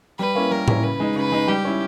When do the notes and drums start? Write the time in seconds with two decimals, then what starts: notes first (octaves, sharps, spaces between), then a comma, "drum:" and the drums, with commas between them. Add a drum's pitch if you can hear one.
0.19 G3 B4
0.35 A#3 C#4 E4
0.51 G3 A#4
0.68 A#3 C#4 E4, drum: tom A2
0.83 C#3 B4
1.00 G#3 D#4
1.16 C#3 B4
1.32 G#3 D#4
1.48 G3 G4
1.65 C#4 E4